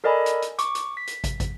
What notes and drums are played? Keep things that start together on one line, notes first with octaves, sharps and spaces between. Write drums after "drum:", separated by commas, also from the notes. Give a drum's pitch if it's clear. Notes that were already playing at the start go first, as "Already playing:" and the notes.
A4 A#4 D5 D#5 G#5 B5
drum: hi-hat
drum: hi-hat
C#6 D6, drum: hi-hat
drum: hi-hat
B6
drum: hi-hat
drum: kick, hi-hat
drum: kick, hi-hat